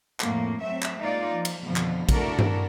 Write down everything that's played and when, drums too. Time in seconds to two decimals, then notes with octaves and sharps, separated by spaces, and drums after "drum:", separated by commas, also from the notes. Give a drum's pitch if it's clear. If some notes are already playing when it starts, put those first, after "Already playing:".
0.20 F2 A2 A3 A#3, drum: clap
0.63 F#3 A3 C4 E5
0.83 drum: clap
0.99 G#3 A#3 D#4 F4 D5
1.33 F3
1.45 drum: cymbal
1.65 F2 B2 D3 E3 F3
1.76 drum: clap
2.09 A3 D4 E4 F#4 A4 A#4, drum: kick, cymbal
2.39 drum: tom G2